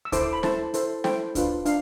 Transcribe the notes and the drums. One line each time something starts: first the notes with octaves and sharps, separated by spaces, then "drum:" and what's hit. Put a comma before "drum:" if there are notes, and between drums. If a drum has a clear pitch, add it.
E6
E4 A4 C5 D6, drum: kick D2, hi-hat
D6
B5
E4 A4 C5 A5, drum: snare
E4 A4 C5, drum: hi-hat
E4 A4 C5 G5, drum: snare
D4 F4 B4, drum: kick D2, hi-hat
D4 F5, drum: hi-hat